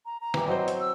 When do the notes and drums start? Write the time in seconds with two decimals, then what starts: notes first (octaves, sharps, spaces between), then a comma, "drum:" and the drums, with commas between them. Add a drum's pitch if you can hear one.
0.06 A#5
0.21 A#5
0.34 E3 G3 E4, drum: snare
0.48 F#3 C4 C5 D#5
0.68 drum: hi-hat
0.81 E6